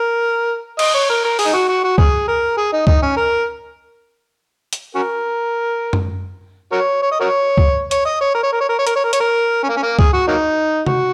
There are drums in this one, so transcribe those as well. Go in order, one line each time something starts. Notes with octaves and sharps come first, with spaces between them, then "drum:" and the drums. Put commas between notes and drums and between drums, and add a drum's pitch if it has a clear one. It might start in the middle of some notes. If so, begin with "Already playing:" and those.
Already playing: A#4
D#5, drum: cymbal
C#5
A#4
A#4
G#4, drum: open hi-hat
D#4
F#4
F#4
F#4
G#4, drum: kick C#2
A#4
G#4
D#4
D#4, drum: kick C#2
C#4
A#4
drum: hi-hat
C#4 F#4 A#4
drum: tom F#2
F#4 A#4 C#5
C#5
D#5
F#4 A#4 C#5
drum: kick C#2
C#5, drum: hi-hat
D#5
C#5
A#4
C#5
A#4
C#5
A#4
C#5
A#4, drum: hi-hat
C#5
A#4
C#5, drum: hi-hat
A#4
C#4
A#3
C#4
A#3
G#4, drum: kick C#2
F#4
F#3 A#3 D#4
F#4, drum: tom C3